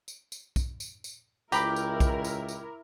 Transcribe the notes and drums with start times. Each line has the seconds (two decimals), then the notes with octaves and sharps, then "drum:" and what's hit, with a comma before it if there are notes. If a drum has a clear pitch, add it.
0.08 drum: tambourine
0.32 drum: tambourine
0.56 drum: kick B1, tambourine
0.80 drum: tambourine
1.04 drum: tambourine
1.52 C#2 E4 G4 A#4 A#5 B5 D6, drum: tambourine
1.76 drum: tambourine
2.00 drum: kick B1, tambourine
2.24 drum: tambourine
2.49 drum: tambourine